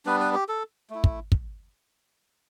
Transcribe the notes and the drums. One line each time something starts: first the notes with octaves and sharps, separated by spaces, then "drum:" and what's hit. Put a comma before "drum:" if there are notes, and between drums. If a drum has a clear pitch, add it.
G3 B3 D4 B4
B4
G4
A4
A3 E4
drum: kick
drum: kick